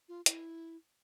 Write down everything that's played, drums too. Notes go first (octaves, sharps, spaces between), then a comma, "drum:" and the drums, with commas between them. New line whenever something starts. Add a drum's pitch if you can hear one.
F4
E4, drum: hi-hat